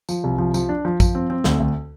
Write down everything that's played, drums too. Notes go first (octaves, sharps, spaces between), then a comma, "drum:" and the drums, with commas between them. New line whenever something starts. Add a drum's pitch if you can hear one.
F3, drum: tambourine
C2
F3
F3, drum: tambourine
D4
F3
F3, drum: kick, tambourine
C4
C4
D2, drum: snare
D2